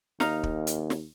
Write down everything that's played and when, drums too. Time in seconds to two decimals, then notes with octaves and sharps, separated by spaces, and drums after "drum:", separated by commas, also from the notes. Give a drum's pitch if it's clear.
0.20 D#2 D#4 F5 A#5, drum: snare
0.43 drum: kick
0.67 drum: hi-hat
0.90 drum: snare